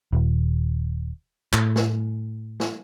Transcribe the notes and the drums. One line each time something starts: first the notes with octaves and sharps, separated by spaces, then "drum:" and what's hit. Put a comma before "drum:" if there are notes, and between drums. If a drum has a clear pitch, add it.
D#1
A2, drum: clap
drum: snare
drum: snare